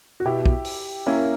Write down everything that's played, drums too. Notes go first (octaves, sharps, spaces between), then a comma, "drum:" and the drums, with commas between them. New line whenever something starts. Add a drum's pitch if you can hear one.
F#4
B2 E4 G4
drum: kick
drum: open hi-hat
A#3 C#4 E4